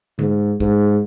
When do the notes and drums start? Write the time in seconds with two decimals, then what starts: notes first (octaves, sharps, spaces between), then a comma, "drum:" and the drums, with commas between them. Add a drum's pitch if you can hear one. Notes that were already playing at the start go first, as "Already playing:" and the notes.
0.19 G#2, drum: tom D3
0.60 G#2, drum: kick